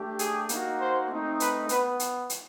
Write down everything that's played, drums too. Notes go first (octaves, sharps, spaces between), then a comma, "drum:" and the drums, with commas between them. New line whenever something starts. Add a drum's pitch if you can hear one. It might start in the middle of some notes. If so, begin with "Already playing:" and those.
Already playing: A3 D4 G4
G#4, drum: hi-hat
A#3 D#4 F#4, drum: hi-hat
C5
A3 C4 D#4
B4, drum: hi-hat
B3 B4, drum: hi-hat
drum: hi-hat
drum: hi-hat